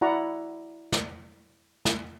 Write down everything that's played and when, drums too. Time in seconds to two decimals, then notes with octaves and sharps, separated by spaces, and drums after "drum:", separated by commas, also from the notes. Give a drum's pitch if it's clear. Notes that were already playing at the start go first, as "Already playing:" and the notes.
0.01 E4 F#4 D5 F#5 A#5 C#6
0.92 drum: snare
1.85 drum: snare